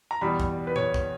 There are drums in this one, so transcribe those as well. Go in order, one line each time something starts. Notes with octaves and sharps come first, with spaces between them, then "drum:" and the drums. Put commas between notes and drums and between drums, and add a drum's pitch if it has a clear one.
A#5
E2 B2 G3 B5
drum: kick
B4
C#5, drum: tom A#2
drum: kick